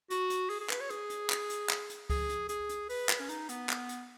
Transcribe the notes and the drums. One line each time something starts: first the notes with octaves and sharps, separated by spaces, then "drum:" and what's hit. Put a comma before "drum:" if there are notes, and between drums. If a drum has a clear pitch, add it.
F#4, drum: hi-hat
drum: hi-hat
G#4, drum: open hi-hat
G#4
B4, drum: clap
C#5
G#4, drum: hi-hat
drum: hi-hat
drum: clap
drum: hi-hat
drum: clap
drum: hi-hat
G#4, drum: kick C#2, open hi-hat
drum: hi-hat
G#4, drum: hi-hat
drum: hi-hat
B4, drum: open hi-hat
drum: clap
C#4
D#4, drum: hi-hat
B3, drum: hi-hat
drum: clap
drum: hi-hat